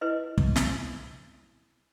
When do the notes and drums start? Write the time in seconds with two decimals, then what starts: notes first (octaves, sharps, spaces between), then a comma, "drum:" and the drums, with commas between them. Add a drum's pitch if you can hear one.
0.01 E4 B4 D#5
0.38 drum: kick
0.56 drum: snare